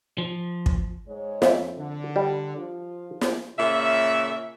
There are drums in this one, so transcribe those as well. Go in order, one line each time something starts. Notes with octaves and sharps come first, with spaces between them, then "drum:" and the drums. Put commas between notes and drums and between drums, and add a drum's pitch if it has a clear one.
F3
drum: kick
G#2 G#3 C#5
F2 E5, drum: snare
D3
G3
F3 F4
drum: snare
A#2 C#3 E5